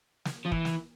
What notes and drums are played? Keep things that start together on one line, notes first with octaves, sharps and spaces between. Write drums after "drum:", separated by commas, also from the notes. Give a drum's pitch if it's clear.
drum: snare
F3
E3, drum: kick
drum: snare